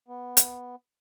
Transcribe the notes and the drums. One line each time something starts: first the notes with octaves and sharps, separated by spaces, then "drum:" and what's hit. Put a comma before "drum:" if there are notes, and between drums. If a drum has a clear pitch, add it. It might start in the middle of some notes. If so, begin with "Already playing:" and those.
B3
drum: hi-hat